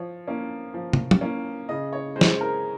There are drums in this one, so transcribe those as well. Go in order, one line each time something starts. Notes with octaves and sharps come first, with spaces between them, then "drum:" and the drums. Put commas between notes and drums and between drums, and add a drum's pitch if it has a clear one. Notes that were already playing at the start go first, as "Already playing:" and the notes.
Already playing: F3 C#5
A#3 C#4
F3
drum: tom
drum: tom
A#3 C#4
C#3 D#5
C#5
G#3 C5
C#4, drum: snare
A#4